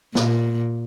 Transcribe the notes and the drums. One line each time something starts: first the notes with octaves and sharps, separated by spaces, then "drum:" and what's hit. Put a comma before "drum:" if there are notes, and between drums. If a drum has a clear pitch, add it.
A#2, drum: snare